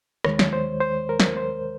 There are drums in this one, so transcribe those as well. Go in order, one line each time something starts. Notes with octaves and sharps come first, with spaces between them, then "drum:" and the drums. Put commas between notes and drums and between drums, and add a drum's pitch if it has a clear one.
D#2 D#3 G#3 C#5, drum: rim click
drum: snare
C5
C5
A#4
drum: snare
C5